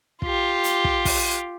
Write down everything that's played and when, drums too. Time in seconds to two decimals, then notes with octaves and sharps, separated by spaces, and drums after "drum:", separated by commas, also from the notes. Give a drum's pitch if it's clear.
0.22 F4 G4, drum: kick
0.64 drum: hi-hat
0.84 drum: kick
1.05 drum: kick, open hi-hat